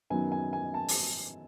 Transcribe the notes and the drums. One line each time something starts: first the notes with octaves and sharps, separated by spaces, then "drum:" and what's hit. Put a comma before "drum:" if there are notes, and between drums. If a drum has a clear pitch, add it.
F#2 D#3 F#3 B3 G#5
G#5
G#5
A5
drum: open hi-hat